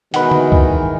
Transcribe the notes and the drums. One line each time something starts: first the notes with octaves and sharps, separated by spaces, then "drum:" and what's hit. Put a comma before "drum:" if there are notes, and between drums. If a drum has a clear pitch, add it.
B2 D#3 E3 G#3 B4 F#5, drum: hi-hat
drum: tom D3
drum: kick